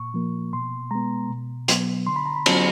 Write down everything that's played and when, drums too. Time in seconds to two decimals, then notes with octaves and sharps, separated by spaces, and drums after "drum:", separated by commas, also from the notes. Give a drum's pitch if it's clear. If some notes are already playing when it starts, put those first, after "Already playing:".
Already playing: A#2 C#6
0.14 F3 A#3
0.53 B2 C6
0.91 G#3 B3 A#5
1.30 B2
1.68 F#3 B3, drum: hi-hat
2.07 D3 C6
2.16 B5
2.26 A#5
2.36 B5
2.46 F#3 B3 A5, drum: cymbal